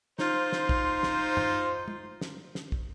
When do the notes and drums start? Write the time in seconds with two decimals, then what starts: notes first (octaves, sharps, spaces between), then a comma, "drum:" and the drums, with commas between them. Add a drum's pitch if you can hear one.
0.19 D#4 F4 C5, drum: snare
0.52 drum: snare
0.69 drum: kick
1.03 drum: snare
1.37 drum: tom
1.88 drum: tom
2.21 drum: snare
2.55 drum: snare
2.72 drum: kick